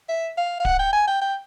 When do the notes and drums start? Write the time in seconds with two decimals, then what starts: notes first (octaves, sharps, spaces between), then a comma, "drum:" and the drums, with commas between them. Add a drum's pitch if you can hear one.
0.09 E5
0.38 F5
0.60 F5
0.65 F#5, drum: kick D1
0.79 G5
0.93 G#5
1.07 G5
1.22 G5